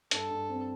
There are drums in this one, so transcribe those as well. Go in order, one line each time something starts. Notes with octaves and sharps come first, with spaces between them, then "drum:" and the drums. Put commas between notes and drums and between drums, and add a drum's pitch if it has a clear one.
G2 A4, drum: hi-hat
G2
C4